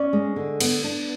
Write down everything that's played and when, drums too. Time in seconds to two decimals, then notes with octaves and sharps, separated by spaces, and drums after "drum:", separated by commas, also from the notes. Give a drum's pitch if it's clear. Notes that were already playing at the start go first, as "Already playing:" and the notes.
Already playing: C#4 D5
0.13 G#3
0.36 D3
0.60 B3, drum: cymbal
0.84 D4